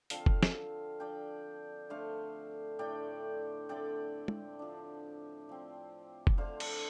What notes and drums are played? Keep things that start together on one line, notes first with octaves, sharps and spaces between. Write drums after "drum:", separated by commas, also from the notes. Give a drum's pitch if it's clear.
D3 F3 C4 F5 A5, drum: hi-hat
drum: kick F1
drum: snare
F3 D4 D5 G5
D3 A3 D4 C5 F5
A2 A3 D4 D5 G5
D3 A3 C4 D5 G5
drum: tom
F3 D4
F3 C4
drum: kick F1
D3 A3 D4 C5 F5
A4 D5, drum: cymbal